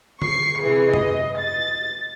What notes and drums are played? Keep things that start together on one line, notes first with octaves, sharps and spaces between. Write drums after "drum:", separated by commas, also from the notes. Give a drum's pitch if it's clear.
C#6 C7, drum: tom D3
C3 E3 G#4
D#5, drum: tom
A6